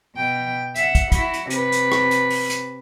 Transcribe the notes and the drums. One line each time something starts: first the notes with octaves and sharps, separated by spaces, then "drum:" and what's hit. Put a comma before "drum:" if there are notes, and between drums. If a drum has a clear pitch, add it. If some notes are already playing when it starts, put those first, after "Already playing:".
B2 G5
E5 F#5, drum: hi-hat
drum: kick, hi-hat
E4 F#4, drum: kick, hi-hat
drum: hi-hat
C3 B4, drum: hi-hat
drum: hi-hat
drum: rim click
drum: hi-hat
drum: open hi-hat
drum: hi-hat